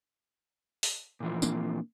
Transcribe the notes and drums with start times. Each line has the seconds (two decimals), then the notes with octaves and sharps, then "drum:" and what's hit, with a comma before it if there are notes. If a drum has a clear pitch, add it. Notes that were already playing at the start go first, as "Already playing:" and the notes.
0.83 drum: open hi-hat
1.20 A#2 E3 F3
1.42 A#3 C4 D4, drum: tambourine